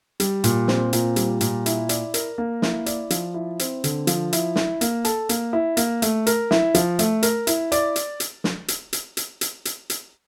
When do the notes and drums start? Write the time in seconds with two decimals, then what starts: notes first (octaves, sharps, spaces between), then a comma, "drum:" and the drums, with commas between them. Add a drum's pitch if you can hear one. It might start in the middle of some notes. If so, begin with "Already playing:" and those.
0.20 G3, drum: hi-hat
0.44 A#2, drum: hi-hat
0.68 C4, drum: snare
0.93 A#2, drum: hi-hat
1.16 G3, drum: hi-hat
1.41 A#2, drum: hi-hat
1.66 E4, drum: hi-hat
1.89 D5, drum: hi-hat
2.14 A#4, drum: hi-hat
2.38 A#3
2.62 E4, drum: snare
2.86 D5, drum: hi-hat
3.10 F3, drum: hi-hat
3.34 E4
3.59 C4, drum: hi-hat
3.84 D3, drum: hi-hat
4.07 F3, drum: hi-hat
4.33 E4, drum: hi-hat
4.56 E4, drum: snare
4.81 A#3, drum: hi-hat
5.05 A4, drum: hi-hat
5.29 A#3, drum: hi-hat
5.53 E4
5.77 A#3, drum: hi-hat
6.02 A3, drum: hi-hat
6.27 A#4, drum: hi-hat
6.51 E4, drum: snare
6.74 F3, drum: hi-hat
6.99 A3, drum: hi-hat
7.23 A#4, drum: hi-hat
7.47 E4, drum: hi-hat
7.72 D5, drum: hi-hat
7.96 drum: hi-hat
8.20 drum: hi-hat
8.44 drum: snare
8.68 drum: hi-hat
8.93 drum: hi-hat
9.17 drum: hi-hat
9.41 drum: hi-hat
9.65 drum: hi-hat
9.90 drum: hi-hat